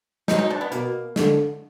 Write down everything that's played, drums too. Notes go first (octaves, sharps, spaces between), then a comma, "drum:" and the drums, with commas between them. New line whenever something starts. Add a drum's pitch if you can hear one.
F#3 D#4, drum: snare
D#4
D4
B3
B2 A#3, drum: hi-hat
D3, drum: snare